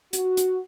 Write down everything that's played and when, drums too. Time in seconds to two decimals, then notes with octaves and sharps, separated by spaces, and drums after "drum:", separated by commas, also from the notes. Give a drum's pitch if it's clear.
0.13 F#4, drum: hi-hat
0.37 drum: hi-hat